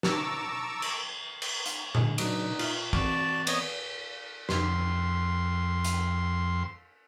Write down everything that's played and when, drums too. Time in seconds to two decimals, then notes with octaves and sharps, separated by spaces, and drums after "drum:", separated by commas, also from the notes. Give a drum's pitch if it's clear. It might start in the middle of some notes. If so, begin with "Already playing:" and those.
0.03 A5 A#5 C#6 D6 E6, drum: snare
0.82 drum: cymbal
1.42 drum: cymbal
1.66 drum: hi-hat
1.95 D3 G#4, drum: tom A#2
2.18 C#3 F#3 D4 D#4, drum: cymbal
2.59 F4 E5, drum: cymbal
2.93 E3 C4 F#4 D5 A5, drum: kick
3.47 B3 C#5 D#5, drum: cymbal
4.49 F2 C6, drum: snare
5.85 drum: hi-hat